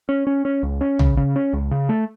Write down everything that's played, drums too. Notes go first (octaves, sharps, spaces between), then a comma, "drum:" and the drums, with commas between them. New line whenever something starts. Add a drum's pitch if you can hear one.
C#4
C#4
C#4
C#2
C#4
C#3, drum: tom
C#3
C#4
C#2
C#3
A3